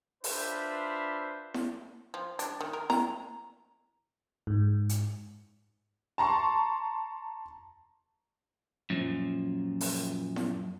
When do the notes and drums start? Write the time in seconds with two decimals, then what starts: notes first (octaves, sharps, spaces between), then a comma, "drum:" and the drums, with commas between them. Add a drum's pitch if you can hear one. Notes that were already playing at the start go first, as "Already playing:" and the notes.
0.24 D4 F4 B4 C5 E5 B5, drum: open hi-hat
1.54 drum: snare E4
2.14 F3
2.39 D4, drum: hi-hat
2.61 D#3
2.73 A#4
2.90 A#5, drum: snare E4
4.47 G#2
4.89 drum: hi-hat
6.18 A5 A#5 C6 C#6
8.90 F#2 A#2 F3
9.81 drum: open hi-hat
10.36 drum: snare E4